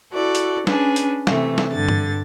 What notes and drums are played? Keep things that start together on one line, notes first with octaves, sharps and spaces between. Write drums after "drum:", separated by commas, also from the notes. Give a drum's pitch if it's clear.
E4 F#4 A4 D5
drum: hi-hat
C#4 D4 G#4 B4, drum: snare
drum: hi-hat
C3 E3 A3, drum: snare
drum: snare
G2 D3 A6
drum: tom